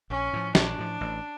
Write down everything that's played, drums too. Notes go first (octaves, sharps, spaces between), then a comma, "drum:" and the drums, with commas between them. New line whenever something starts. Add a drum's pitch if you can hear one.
A#1 C#4
A2 F3
A#1 D4, drum: snare
A2 F3
A1